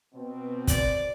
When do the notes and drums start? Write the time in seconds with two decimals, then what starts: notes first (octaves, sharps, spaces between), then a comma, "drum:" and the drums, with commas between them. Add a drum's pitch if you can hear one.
0.14 B2 C4
0.67 D5, drum: kick, hi-hat